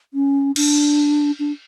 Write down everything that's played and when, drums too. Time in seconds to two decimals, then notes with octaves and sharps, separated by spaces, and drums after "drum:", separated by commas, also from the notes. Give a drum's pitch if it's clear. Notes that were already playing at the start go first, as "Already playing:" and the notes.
0.14 C#4
0.56 D4, drum: cymbal
1.39 D4